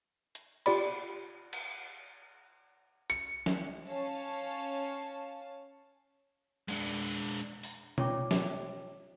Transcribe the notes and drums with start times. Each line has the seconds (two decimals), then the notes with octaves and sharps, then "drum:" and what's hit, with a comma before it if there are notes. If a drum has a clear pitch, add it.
0.35 drum: hi-hat
0.66 F4 G4 D5 B5, drum: cymbal
1.53 drum: cymbal
3.10 C#7, drum: hi-hat
3.46 drum: snare
3.86 C#4 C#5 F5 A5
6.68 G#3 D4, drum: cymbal
7.41 drum: hi-hat
7.63 drum: open hi-hat
7.98 F4 C#5 G5 D6, drum: tom B2
8.31 drum: snare